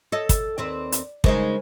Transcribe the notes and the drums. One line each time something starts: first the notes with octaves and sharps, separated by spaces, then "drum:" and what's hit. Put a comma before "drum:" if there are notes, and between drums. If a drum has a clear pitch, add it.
A4 C#5 D#5
drum: kick, hi-hat
D#2 C4 B4 D5
drum: hi-hat
C#3 G#3 D#4 A#4 C5, drum: kick